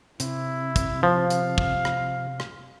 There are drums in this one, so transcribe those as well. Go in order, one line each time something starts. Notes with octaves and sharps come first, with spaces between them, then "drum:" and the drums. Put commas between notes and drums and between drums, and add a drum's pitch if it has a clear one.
C3 E4, drum: hi-hat
drum: kick, hi-hat
F3 F5
drum: hi-hat
drum: kick
drum: rim click
drum: rim click